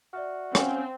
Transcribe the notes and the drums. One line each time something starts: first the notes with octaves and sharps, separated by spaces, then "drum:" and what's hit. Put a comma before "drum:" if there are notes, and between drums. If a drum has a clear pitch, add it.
F#4 D5 E5 F6
C4 C#4 F5 F#5, drum: rim click